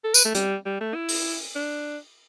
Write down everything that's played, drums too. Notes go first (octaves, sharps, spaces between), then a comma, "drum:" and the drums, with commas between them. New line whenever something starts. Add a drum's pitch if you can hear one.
A4
B4, drum: tambourine
A3
G3, drum: hi-hat
G3
A3
E4
drum: open hi-hat
D4